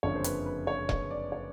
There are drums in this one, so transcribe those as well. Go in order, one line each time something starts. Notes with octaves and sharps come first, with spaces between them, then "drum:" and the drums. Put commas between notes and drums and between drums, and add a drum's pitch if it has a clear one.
F#1 F2 D3 C#5
C5
B4, drum: hi-hat
B4
C#5
C#5, drum: kick E1
D5
C#5